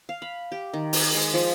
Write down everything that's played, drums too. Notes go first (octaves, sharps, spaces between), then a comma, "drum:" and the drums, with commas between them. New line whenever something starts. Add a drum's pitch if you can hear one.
F5
B5
G4
D#3
drum: open hi-hat
G#3
F3